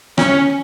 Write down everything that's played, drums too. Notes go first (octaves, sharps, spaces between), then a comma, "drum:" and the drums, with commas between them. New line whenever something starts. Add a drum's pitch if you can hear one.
C#4, drum: rim click